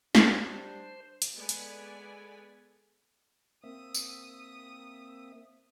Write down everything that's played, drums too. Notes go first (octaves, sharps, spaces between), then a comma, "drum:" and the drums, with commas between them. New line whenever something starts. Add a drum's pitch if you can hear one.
G3 D4 C5, drum: snare
drum: hi-hat
G#3 B3 A4 B4 D5 G#5
drum: hi-hat
A#3 C4 E5 D#6
drum: tambourine